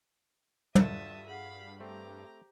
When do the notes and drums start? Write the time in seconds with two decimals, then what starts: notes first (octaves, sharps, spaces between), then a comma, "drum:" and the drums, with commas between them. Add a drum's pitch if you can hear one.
0.75 G2 F4 F#4 A4 D5 E5 A5 D#6, drum: tom
1.27 G#4 F5 F#5 B5
1.80 A3 C4 G4 C5 A#5